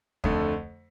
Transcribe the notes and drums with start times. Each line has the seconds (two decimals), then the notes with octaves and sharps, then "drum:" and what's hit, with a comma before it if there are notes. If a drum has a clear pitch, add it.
0.24 F2 D3 A3, drum: kick